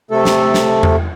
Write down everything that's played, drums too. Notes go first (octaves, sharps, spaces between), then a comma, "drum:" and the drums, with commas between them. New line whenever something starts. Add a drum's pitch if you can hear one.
C3 A3 A4
drum: snare
drum: snare
drum: tom E2